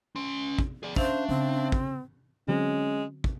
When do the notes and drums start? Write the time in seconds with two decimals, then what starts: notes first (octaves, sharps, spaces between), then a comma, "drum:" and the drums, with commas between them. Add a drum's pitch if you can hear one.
0.16 C#4 C6
0.59 drum: kick
0.83 G#4 D5
0.96 C#4 D4 C5 E5 F5, drum: kick
1.29 C#3 C4
1.72 drum: kick
2.48 D3 F#3 G#3 C4 C#4
3.24 drum: kick